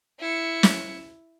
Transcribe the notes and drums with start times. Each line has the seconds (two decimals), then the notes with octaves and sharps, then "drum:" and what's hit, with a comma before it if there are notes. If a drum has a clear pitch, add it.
0.20 E4 C#7
0.63 drum: snare